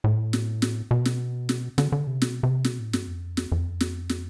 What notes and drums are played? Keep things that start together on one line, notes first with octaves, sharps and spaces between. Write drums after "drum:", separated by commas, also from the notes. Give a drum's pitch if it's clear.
A2
drum: snare
drum: snare
B2
drum: snare
drum: snare
D3, drum: snare
D3
C3
B2, drum: snare
C3
B2, drum: snare
A2
G2, drum: snare
F2
drum: snare
F2
drum: snare
drum: snare